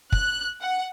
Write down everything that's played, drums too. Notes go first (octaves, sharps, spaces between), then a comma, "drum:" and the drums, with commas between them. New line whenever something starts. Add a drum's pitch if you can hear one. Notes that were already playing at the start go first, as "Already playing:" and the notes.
F#6, drum: kick
F#5